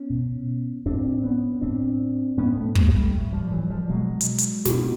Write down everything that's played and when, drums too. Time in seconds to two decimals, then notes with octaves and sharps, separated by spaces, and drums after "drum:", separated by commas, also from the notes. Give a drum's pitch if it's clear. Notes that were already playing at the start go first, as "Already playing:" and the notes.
Already playing: B3 C#4
0.10 B2
0.86 A2 C4 D4
1.23 B3 C#4
1.61 A2 C4 D4
2.37 A2 B3 C#4
2.57 A3 B3
2.75 G#3 A#3, drum: kick
2.95 G3 A3
3.14 A2
3.32 F3 G3
3.51 E3 F#3
3.70 F3 G3
3.89 B2 F#3 G#3
4.21 drum: hi-hat
4.38 drum: hi-hat
4.65 B2, drum: snare